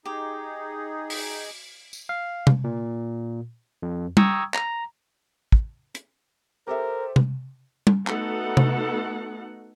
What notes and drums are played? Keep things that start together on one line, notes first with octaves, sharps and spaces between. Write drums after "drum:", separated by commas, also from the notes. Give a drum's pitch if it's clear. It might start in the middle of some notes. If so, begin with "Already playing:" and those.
D#4 G4 G#4
drum: open hi-hat
drum: tambourine
F5
drum: tom C3
A#2
F2
G5 A#5 C#6 D#6 E6 G#6, drum: tom G3
A#5, drum: clap
drum: kick
drum: hi-hat
G4 A4 A#4 C5 E5
drum: tom C3
drum: tom G3
A3 B3 D#4 F#4 A4 F#5, drum: clap
drum: tom C3